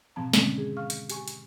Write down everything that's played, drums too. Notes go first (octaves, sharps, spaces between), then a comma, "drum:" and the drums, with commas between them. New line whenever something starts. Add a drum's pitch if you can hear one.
G#2 B2 F3 C4 A5 A#5
D3 D#3 G3 G#3 C4 C#4, drum: snare
G#4
F5 C#6 F6
drum: hi-hat
G4 G#5 C#6, drum: hi-hat
drum: hi-hat